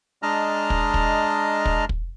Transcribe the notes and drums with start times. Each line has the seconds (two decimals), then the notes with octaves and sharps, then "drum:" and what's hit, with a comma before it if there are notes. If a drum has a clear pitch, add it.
0.23 G#3 D4 D#5 A5 A#5 F6
0.70 drum: kick
0.94 drum: kick
1.65 drum: kick
1.89 drum: kick